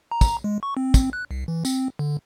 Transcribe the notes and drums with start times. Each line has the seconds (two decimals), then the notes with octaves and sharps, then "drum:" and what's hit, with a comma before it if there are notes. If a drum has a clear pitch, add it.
0.11 A#5
0.21 drum: kick, tambourine
0.44 G#3
0.63 C#6
0.77 C4
0.94 drum: kick, tambourine
1.13 F#6
1.31 C2
1.48 E3
1.65 C4, drum: tambourine
1.99 D3